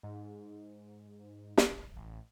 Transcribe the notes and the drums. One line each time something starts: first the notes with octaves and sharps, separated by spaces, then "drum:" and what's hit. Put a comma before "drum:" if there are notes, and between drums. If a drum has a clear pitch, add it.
G#2
drum: snare
A1